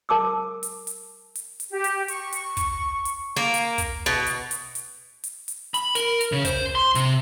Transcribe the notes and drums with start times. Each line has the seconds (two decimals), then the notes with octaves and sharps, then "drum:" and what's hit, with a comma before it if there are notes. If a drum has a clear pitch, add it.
0.09 A#4 A5 D6 E6
0.63 drum: hi-hat
0.87 drum: hi-hat
1.35 drum: hi-hat
1.60 drum: hi-hat
1.71 G4
1.84 drum: hi-hat
2.08 C#6, drum: hi-hat
2.32 drum: hi-hat
2.57 drum: kick, hi-hat
3.05 drum: hi-hat
3.37 A#3
3.54 drum: hi-hat
3.78 drum: kick, hi-hat
4.06 B2
4.27 drum: hi-hat
4.51 drum: hi-hat
4.75 drum: hi-hat
5.24 drum: hi-hat
5.48 drum: hi-hat
5.74 B5, drum: hi-hat
5.95 A#4, drum: hi-hat
6.21 drum: hi-hat
6.32 C#3
6.45 C5, drum: kick, hi-hat
6.75 C6
6.95 C3, drum: hi-hat